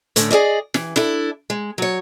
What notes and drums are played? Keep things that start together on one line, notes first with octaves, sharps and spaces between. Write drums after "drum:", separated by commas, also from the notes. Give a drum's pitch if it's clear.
A2 D3 A3 C#4, drum: hi-hat
G#4 A#4 D5 D#5
E3, drum: snare
D4 E4 A4, drum: snare
G#3
F#3 C#5